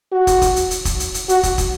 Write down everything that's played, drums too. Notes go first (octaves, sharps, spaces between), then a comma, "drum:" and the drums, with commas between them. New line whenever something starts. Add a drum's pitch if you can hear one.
F#4
drum: kick, hi-hat
drum: kick, hi-hat
drum: hi-hat
drum: hi-hat
drum: kick, hi-hat
drum: hi-hat
drum: hi-hat
F#4, drum: hi-hat
drum: kick, hi-hat
drum: kick, hi-hat